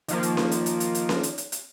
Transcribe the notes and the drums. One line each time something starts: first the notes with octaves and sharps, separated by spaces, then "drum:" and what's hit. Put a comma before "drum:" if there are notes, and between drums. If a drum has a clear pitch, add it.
D#3 F3 A#3, drum: hi-hat
drum: hi-hat
drum: snare C#4
drum: hi-hat
drum: hi-hat
drum: hi-hat
drum: hi-hat
drum: snare C#4
drum: hi-hat
drum: hi-hat
drum: hi-hat